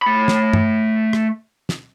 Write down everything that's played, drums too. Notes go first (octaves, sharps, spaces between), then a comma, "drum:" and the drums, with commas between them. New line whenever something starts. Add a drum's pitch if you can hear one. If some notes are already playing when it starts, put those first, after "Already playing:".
A3 B5
drum: snare
drum: tom G2
drum: rim click
drum: snare